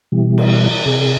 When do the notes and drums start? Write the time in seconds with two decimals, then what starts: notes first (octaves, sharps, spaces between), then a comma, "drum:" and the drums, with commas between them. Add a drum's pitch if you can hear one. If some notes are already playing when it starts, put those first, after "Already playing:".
0.12 B2 E3 G3
0.38 drum: cymbal
0.86 C3 G#4